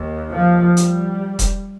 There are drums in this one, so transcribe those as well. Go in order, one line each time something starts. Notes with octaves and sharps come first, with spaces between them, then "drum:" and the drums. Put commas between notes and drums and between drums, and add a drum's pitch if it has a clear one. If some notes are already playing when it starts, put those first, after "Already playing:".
Already playing: D#2
F3
G3, drum: hi-hat
drum: kick E1, hi-hat